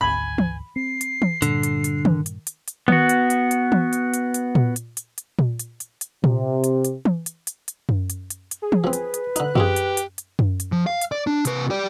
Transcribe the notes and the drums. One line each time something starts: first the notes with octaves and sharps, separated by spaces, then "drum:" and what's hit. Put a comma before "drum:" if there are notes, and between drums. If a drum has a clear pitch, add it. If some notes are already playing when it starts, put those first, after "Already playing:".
G#1 D2 G#5 B5
drum: tom E3
C4 C7
drum: hi-hat
drum: tom E3
G2 A#2 D3, drum: hi-hat
drum: hi-hat
drum: hi-hat
drum: tom D#3
drum: hi-hat
drum: hi-hat
drum: hi-hat
B3 F#4, drum: tom D#3
drum: hi-hat
drum: hi-hat
drum: hi-hat
drum: tom E3
drum: hi-hat
drum: hi-hat
drum: hi-hat
drum: tom A#2
drum: hi-hat
drum: hi-hat
drum: hi-hat
drum: tom A#2
drum: hi-hat
drum: hi-hat
drum: hi-hat
C3, drum: tom A#2
drum: hi-hat
drum: hi-hat
drum: tom E3
drum: hi-hat
drum: hi-hat
drum: hi-hat
drum: tom F#2
drum: hi-hat
drum: hi-hat
drum: hi-hat
G#4
drum: tom E3
F3 C4 B4
drum: hi-hat
drum: hi-hat
D3 D#4 F#6, drum: hi-hat
F2 F4 G4 G#4, drum: tom F#2
drum: hi-hat
drum: hi-hat
drum: hi-hat
drum: tom F#2
drum: hi-hat
F3
F5
drum: hi-hat
D5
D4
C3 B4, drum: hi-hat
G4 D5